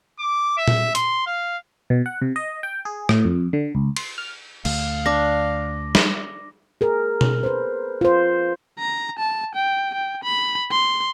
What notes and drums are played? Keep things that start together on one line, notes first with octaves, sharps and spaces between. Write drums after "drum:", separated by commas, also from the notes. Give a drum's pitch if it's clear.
D6
E5
drum: tom A#2
C6, drum: hi-hat
F5
B2
F#5
C3
D#5
G5
G#4
A2, drum: rim click
F2
D3
C#2
C6, drum: cymbal
F6
D2 D3 A3 F5, drum: cymbal
D4 D6 A#6
drum: snare
G#4 A#4
drum: tom B2
B4 C5
F4 C5
A#5
A5
G5
G5
B5
C6